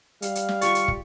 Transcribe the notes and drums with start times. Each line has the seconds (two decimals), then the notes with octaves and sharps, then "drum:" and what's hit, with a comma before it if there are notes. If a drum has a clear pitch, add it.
0.22 G3 F5, drum: hi-hat
0.35 drum: hi-hat
0.49 drum: snare
0.61 F4 G4 D5 C#6, drum: hi-hat
0.75 drum: hi-hat
0.88 drum: kick